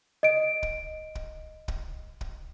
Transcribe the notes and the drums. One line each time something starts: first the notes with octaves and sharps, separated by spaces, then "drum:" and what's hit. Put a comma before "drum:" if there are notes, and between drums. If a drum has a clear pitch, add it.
D#5 D7
drum: kick
drum: kick
drum: kick
drum: kick